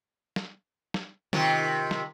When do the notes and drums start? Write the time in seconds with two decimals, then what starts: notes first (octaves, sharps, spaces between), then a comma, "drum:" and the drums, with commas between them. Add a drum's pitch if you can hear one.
0.36 drum: snare
0.94 drum: snare
1.33 C3 D#3 F4, drum: snare
1.91 drum: snare